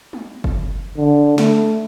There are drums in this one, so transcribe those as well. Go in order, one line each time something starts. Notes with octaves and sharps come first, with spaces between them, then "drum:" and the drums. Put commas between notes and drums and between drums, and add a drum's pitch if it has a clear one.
drum: tom
drum: kick G1
D3
A3, drum: snare